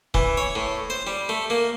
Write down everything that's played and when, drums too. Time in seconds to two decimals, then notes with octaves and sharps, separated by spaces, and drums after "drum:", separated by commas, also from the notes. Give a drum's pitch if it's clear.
0.14 E3, drum: kick E1
0.37 C#5
0.55 A2
0.90 C5
1.07 G3
1.29 A3
1.50 A#3